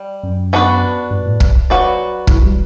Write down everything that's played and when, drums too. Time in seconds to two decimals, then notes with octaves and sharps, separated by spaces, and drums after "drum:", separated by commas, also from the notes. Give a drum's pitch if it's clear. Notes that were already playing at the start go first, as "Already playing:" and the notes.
Already playing: G3
0.23 F#2
0.53 B3 D4 F#4 B4
1.11 G2
1.26 A2
1.40 drum: kick
1.70 F#3 B3 F#4 B4 D5
2.27 E3, drum: kick
2.43 G3